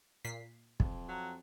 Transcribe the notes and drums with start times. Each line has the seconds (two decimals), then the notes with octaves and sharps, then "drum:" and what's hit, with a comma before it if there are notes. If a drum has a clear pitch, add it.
0.25 A#2 B6 C7
0.80 F2, drum: kick
1.08 F#3